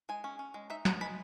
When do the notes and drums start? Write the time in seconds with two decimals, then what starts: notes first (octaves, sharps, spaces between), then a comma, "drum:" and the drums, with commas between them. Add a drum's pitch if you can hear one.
0.09 G#3 G#5
0.24 C#4
0.39 C#4
0.54 G#3
0.70 D#4 E5
0.85 B3 A#5, drum: snare
1.01 G#3 B5